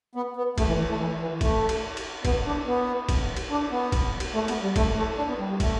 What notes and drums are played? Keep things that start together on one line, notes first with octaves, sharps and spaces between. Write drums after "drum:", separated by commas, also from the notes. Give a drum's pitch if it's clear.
B3
B3
A3, drum: kick, cymbal
E3
E3
A3
E3
E3
A3, drum: kick, cymbal
drum: cymbal
drum: cymbal
B3, drum: kick, cymbal
D4
B3
drum: kick, cymbal
drum: cymbal
D4
B3
drum: kick, cymbal
drum: cymbal
A3
B3, drum: cymbal
G3
A3, drum: kick, cymbal
A3
D4
B3
G3
G3
A3, drum: kick, cymbal